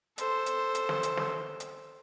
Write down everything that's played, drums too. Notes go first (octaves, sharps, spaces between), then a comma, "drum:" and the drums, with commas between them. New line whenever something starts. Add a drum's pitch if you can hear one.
A4 C5, drum: hi-hat
drum: hi-hat
drum: hi-hat
drum: snare
drum: hi-hat
drum: snare
drum: hi-hat